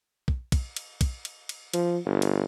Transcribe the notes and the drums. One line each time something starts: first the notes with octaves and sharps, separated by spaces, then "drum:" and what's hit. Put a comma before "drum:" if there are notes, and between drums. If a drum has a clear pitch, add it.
drum: kick
drum: kick, cymbal
drum: cymbal
drum: kick, cymbal
drum: cymbal
drum: cymbal
F3, drum: cymbal
G1
drum: cymbal